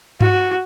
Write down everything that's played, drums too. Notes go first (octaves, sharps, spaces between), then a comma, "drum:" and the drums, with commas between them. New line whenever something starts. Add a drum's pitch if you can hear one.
F#4, drum: tom G2